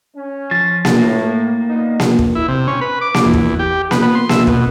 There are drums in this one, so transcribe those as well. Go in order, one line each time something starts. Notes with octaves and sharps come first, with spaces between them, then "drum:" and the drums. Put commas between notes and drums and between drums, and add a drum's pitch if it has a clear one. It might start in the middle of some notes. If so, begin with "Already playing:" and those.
C#4
F3 A6
drum: snare A#3
A2 A#3
A#2 B3 D#4
drum: snare A#3
drum: kick
E4
C3
C#4
B4
D6
drum: snare A#3
E2
drum: kick
G4
B3, drum: snare A#3
B3
C6
E5, drum: snare A#3
B2, drum: kick